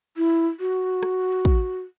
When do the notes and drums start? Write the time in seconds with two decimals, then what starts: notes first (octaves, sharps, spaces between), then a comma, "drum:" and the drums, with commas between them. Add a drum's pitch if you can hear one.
0.17 E4
0.60 F#4
1.03 drum: rim click
1.45 drum: kick